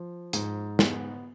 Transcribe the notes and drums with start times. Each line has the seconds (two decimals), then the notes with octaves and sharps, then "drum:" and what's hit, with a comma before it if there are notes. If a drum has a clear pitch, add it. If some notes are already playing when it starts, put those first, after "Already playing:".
Already playing: F3
0.33 G#2, drum: hi-hat
0.79 B3, drum: snare